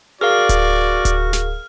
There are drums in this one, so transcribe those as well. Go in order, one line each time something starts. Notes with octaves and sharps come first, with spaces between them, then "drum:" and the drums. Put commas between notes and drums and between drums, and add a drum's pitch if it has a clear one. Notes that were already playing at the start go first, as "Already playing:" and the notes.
F#4 G#4 A#4 D5 F5 F6
drum: kick D1, hi-hat
drum: kick D1, hi-hat
drum: snare